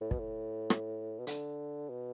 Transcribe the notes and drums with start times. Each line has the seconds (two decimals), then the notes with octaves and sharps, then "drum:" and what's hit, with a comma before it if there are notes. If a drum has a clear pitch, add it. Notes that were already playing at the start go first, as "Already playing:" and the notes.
0.01 A2
0.11 B2, drum: kick
0.19 A2
0.70 drum: rim click
1.19 B2
1.27 D3, drum: hi-hat
1.90 B2